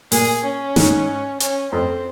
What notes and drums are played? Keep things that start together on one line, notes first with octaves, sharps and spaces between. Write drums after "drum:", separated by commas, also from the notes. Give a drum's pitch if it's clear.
A#2 G#4, drum: open hi-hat
C#4
G#2, drum: snare
C#4, drum: hi-hat
F2 C4